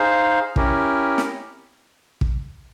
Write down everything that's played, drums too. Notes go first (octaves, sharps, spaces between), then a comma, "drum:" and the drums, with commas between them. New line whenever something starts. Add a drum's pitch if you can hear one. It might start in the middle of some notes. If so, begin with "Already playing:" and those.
Already playing: D#4 G#4 C5 F5
C#4 E4 G4 A#4, drum: kick
drum: snare
drum: kick